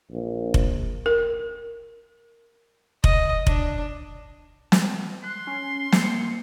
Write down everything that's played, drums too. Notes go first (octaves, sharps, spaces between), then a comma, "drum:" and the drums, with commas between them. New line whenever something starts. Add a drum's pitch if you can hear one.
A#1
drum: kick F1
A#4
D#5, drum: kick F1
D4, drum: kick F1
drum: snare
C6 F#6
C#4
A#3 C#7, drum: snare